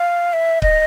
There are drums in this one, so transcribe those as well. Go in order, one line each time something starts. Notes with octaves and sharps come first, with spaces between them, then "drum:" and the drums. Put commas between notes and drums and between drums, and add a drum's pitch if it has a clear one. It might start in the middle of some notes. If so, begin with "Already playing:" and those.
Already playing: F5
E5
D#5, drum: kick C#1